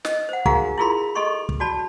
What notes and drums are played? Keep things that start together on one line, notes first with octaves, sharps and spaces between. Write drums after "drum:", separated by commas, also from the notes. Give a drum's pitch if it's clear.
D#5, drum: snare
C5 F#5
D#4 F#4 G#4 A#4 F5 A#5, drum: kick
E4 F4 G#4 A#4 B5 C6
G4 A4 D#5 C6 C#6
drum: kick
F#4 D5 A5 B5